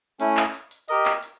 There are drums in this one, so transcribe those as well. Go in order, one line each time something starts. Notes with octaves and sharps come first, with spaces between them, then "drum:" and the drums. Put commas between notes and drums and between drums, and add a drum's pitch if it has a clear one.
A3 C#4 E4, drum: hi-hat
drum: clap
drum: hi-hat
drum: hi-hat
G4 A#4 D#5, drum: hi-hat
drum: clap
drum: hi-hat